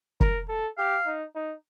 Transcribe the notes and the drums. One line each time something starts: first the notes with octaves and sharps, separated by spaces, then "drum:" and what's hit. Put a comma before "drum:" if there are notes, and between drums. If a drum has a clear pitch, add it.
A#4, drum: kick
A4
G4 F5
D#4
D#4